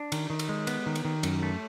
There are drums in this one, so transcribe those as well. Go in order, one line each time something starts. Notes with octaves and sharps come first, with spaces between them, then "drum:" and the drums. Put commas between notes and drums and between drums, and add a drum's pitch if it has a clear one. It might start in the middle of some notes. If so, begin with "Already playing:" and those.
Already playing: D4
D#3, drum: cymbal
D#3
drum: cymbal
G#3
B3, drum: cymbal
D#3
drum: cymbal
D#3
F#2, drum: cymbal
A3